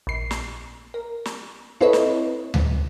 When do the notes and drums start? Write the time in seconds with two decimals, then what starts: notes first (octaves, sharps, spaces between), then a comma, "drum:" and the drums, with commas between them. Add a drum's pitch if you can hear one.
0.07 A#1 C7
0.31 drum: snare
0.94 A#4
1.25 drum: snare
1.81 C4 E4 A4 B4 C#5 D#5
1.93 drum: snare
2.54 drum: tom D2